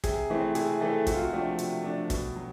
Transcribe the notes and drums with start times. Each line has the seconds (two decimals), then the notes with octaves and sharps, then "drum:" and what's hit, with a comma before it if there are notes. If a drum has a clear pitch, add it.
0.04 C3 G#4, drum: kick, hi-hat
0.30 E3 A3 C4
0.55 C3 G#4, drum: hi-hat
0.81 E3 A3 C4 A4
1.07 C3 F#4, drum: kick, hi-hat
1.15 F4
1.23 F#4
1.32 F3 A3 D4 G4
1.59 C3, drum: hi-hat
1.84 F3 A3 D4
2.10 B2, drum: kick, hi-hat
2.36 F#3